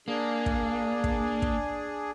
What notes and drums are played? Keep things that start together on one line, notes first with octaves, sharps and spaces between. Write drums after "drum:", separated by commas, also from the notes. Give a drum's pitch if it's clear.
A#3 D4 G#4
drum: kick
drum: kick
drum: kick